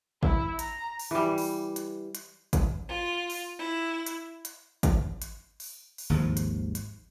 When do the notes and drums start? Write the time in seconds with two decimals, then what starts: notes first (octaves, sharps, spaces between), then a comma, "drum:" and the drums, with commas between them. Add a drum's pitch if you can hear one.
0.23 E4, drum: kick
0.59 A#5, drum: hi-hat
0.99 drum: open hi-hat
1.11 E3 G3
1.38 drum: open hi-hat
1.76 drum: hi-hat
2.15 drum: hi-hat
2.53 drum: kick, hi-hat
2.88 F4
3.30 drum: open hi-hat
3.59 E4
4.06 drum: hi-hat
4.45 drum: hi-hat
4.83 drum: kick, hi-hat
5.22 drum: hi-hat
5.60 drum: open hi-hat
5.98 drum: open hi-hat
6.10 G#1 D#2 G#2 F3
6.37 drum: hi-hat
6.75 drum: hi-hat